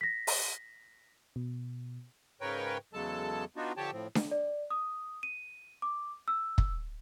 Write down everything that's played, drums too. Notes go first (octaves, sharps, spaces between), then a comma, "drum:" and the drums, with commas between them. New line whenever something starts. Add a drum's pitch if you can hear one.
A#6 B6
drum: open hi-hat
B2
G#2 C#3 A#4 B4 C#5 G5
E2 C#3 F#3 G#3 A4 A5
B3 D4 D#4 F4 F#4
D3 F3 G4 C#5 G5 A5
A2 F3 C4
drum: snare D4
D5
D#6
D#7
D6
E6
drum: kick